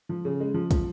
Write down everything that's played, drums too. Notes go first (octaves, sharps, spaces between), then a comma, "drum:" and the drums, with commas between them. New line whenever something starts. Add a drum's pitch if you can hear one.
F3
C#3
G#3
F3
F3, drum: kick, hi-hat